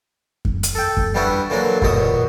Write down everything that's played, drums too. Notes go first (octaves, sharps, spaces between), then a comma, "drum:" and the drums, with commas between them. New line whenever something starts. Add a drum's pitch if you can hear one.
drum: kick F#2
drum: hi-hat
A4 G5
drum: kick F#2
G3 B3 D4 E4 F#4
D3 E3 F#3 A#3 D4
A#1 D#2 B2 F#4 D#6, drum: kick F#2